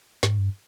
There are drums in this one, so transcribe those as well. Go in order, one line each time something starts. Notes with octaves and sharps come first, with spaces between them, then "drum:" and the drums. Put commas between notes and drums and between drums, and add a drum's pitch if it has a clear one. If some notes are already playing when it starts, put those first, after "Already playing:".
G#2, drum: snare
G2